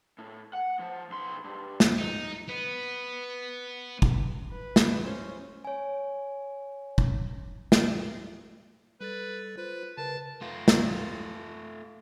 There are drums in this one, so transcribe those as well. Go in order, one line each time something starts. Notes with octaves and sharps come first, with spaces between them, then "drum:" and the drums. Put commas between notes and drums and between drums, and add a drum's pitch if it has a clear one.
A2
F#5
F3
B1 C6
G2
drum: snare
D#4
B3
drum: kick
B4
drum: snare
C#4 C5
C#5 G#5
drum: kick
drum: snare
G3 A4 B4 A6
F4 B4 C5
C#3 A#4 B4 A5
A3 F4
drum: snare